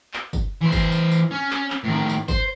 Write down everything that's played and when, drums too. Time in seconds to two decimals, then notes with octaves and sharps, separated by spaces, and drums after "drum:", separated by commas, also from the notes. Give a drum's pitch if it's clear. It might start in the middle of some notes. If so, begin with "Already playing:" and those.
0.14 drum: clap
0.33 drum: kick, tambourine
0.61 E3 C5
0.72 drum: kick, tambourine
0.92 drum: tambourine
1.11 drum: tambourine
1.31 C#4
1.51 drum: clap
1.70 drum: clap
1.84 A2 D#3
2.09 drum: tambourine
2.28 C5, drum: kick, tambourine